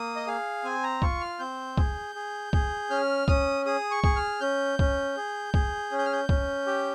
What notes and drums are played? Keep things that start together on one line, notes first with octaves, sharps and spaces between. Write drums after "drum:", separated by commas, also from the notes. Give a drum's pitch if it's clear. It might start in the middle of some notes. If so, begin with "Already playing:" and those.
Already playing: A#3 D#6
D#5
G#4 F5
C4 G#5
A#5
F4 C#6, drum: kick
F6
C4 G6
G#4, drum: kick
G#4
G#4, drum: kick
C#4 F6
C#4 D#6, drum: kick
G#4 D#6
C#6
G#4, drum: kick
F6
C#4 G6
C#4, drum: kick
G#4
G#4, drum: kick
C#4
G6
F6
G6
C#4, drum: kick
G4